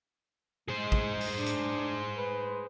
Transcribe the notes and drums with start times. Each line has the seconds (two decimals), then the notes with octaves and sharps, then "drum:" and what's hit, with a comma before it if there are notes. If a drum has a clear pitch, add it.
0.69 G#3 G#4 C5
0.92 drum: kick
1.21 drum: open hi-hat
1.35 D4
1.46 drum: hi-hat
2.16 B4